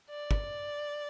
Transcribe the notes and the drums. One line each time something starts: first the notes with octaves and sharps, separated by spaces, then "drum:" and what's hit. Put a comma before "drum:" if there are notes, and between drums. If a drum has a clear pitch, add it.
D5
drum: kick